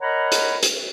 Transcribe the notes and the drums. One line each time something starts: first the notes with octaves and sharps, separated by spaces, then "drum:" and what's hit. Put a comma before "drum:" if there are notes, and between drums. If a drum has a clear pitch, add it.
A#4 C#5 D#5 F#5 A#5 B5
drum: hi-hat
drum: hi-hat